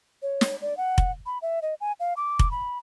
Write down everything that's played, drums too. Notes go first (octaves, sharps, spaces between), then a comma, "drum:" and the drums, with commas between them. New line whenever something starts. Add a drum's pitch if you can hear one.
C#5
drum: snare
D5
F#5
drum: kick F1
B5
E5
D#5
G#5
F5
D6
drum: kick F1
B5